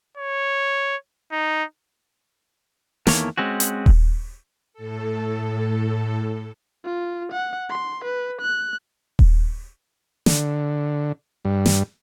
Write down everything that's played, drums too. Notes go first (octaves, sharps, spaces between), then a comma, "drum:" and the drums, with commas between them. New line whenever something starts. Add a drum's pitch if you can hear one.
C#5
D#4
E2 D#3 A3 A#3 C#5, drum: snare
G#3 C4 C#4 F#4
drum: hi-hat
drum: kick D#1
A2 A4
F4
F#5
C6
B4
F#6
drum: kick D#1
D3, drum: snare
G2
drum: snare